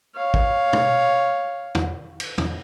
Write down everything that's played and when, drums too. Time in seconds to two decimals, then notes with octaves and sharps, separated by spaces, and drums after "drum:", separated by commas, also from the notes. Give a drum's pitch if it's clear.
0.16 C#5 F5
0.34 drum: kick
0.73 drum: tom
1.75 drum: tom E2
2.20 drum: cymbal
2.38 drum: tom E2